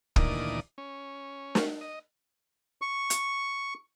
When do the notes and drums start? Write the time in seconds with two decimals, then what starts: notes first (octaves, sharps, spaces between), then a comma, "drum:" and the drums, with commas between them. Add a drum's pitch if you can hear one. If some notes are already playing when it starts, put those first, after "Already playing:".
0.16 D2 A#2 D#3 E3 D5 D#6, drum: kick
0.78 C#4
1.55 drum: snare
1.81 D#5
2.81 C#6
3.10 drum: hi-hat